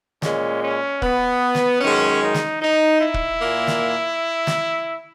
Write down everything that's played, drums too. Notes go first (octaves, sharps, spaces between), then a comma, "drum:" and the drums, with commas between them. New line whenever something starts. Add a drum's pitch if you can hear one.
A#2 G#3 C#4, drum: snare
C#4
B3, drum: kick
drum: snare
F#2 D#3 G#3 C#4
D#4
drum: snare
D#4
E4
drum: kick
A#2 A#3
drum: snare
drum: snare